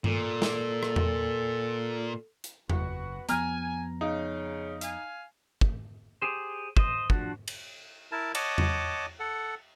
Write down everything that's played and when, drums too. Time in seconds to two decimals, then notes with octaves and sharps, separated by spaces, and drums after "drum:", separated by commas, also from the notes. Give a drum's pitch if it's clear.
0.04 A#2 A4, drum: tom G2
0.42 drum: snare
0.83 drum: rim click
0.96 drum: tom E2
2.44 drum: hi-hat
2.70 F#1 B3 F#4, drum: tom E2
3.29 F2 F3 B3 G#5 A#5 F6, drum: hi-hat
4.01 C#3 D#4
4.81 F5 G#5, drum: hi-hat
5.61 drum: kick
6.21 G4 G#4 C5
6.77 C5 D#5, drum: kick
7.10 F3 D4 F#4, drum: kick
7.48 drum: cymbal
8.12 E4 A#4 A5
8.35 C#5 D#5 F#5 A5 D6, drum: cymbal
8.58 drum: tom E2
9.19 A4 F#5